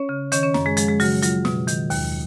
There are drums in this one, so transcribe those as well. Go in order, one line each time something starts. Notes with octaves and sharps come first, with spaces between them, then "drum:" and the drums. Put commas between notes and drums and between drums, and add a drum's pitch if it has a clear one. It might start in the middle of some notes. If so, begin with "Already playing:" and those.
Already playing: C#4 C#5
C#3
D#3 C#4 C#5, drum: hi-hat
C#4 C#5
F#2, drum: snare
G#3 G#4
F3 G#3 G#4, drum: hi-hat
G#3 G#4
C#3 F#3 F#4, drum: open hi-hat
F#3 F4, drum: hi-hat
B2, drum: snare
D#3, drum: hi-hat
D#2, drum: open hi-hat